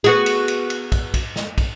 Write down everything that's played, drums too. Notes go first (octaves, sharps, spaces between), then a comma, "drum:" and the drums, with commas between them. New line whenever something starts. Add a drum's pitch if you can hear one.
B3 F#4 G#4
drum: cymbal
drum: cymbal
drum: cymbal
drum: kick, cymbal
drum: kick, cymbal
drum: snare
drum: kick, cymbal